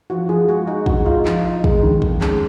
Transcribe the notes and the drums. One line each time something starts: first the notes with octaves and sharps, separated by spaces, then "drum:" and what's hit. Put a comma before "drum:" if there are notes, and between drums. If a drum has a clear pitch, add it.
F3 F#4
F3 G#4
G#3 F#4
D#4 F#4
G#2 F#4, drum: kick
D#4 F4
F3, drum: clap
D#4
G#3, drum: kick
D#3
F2, drum: kick
G#3 C#4, drum: clap